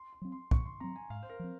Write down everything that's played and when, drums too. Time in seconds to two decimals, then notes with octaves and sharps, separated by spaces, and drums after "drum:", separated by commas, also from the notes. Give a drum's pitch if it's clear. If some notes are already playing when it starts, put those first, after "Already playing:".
Already playing: C6
0.13 C6
0.22 F#3 C4
0.32 C6
0.51 A#2 C#6, drum: kick
0.66 C6
0.80 F#3 C4 A#5
0.96 G#5
1.10 G#2 F5
1.23 C5
1.29 A#4
1.39 F3 C4